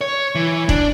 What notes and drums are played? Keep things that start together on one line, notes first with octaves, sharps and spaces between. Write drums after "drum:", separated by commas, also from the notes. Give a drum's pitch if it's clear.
C#5
E3
D4, drum: kick